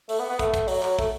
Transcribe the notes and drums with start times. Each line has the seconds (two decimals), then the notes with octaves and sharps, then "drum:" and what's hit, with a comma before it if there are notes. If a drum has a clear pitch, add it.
0.09 A3, drum: open hi-hat
0.19 B3
0.30 B3
0.39 A3, drum: kick, hi-hat
0.54 drum: kick, hi-hat
0.68 F#3, drum: open hi-hat
0.83 F#3, drum: clap
0.99 A3, drum: kick